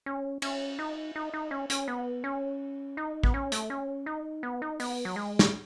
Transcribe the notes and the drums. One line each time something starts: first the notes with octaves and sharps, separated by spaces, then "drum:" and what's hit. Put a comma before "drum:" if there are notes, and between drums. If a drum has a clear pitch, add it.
C#4
C#4, drum: cymbal
D#4
D#4
D#4
C#4
C#4, drum: hi-hat
B3
C#4
D#4
B3, drum: kick
C#4
A3, drum: hi-hat
C#4
D#4
B3
D#4
B3, drum: open hi-hat
F#3
G#3
drum: snare